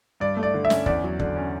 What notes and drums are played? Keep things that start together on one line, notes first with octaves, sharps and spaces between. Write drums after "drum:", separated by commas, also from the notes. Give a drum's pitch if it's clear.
G2 D5
A3
D5
D3
E5
C#4, drum: snare
E2 D5, drum: kick
F#3
D3, drum: kick
C#4